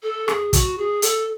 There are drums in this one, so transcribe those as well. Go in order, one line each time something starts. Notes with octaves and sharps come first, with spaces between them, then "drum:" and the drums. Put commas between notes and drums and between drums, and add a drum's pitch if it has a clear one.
A4
G#4, drum: rim click
F#4, drum: kick, hi-hat
G#4
A4, drum: hi-hat